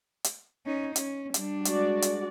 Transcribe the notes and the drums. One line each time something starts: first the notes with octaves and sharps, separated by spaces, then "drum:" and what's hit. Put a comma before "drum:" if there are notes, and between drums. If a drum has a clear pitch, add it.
drum: hi-hat
C#4 D#4
C#4, drum: hi-hat
G3 D4, drum: hi-hat
G#3 F#4 D5, drum: hi-hat
drum: hi-hat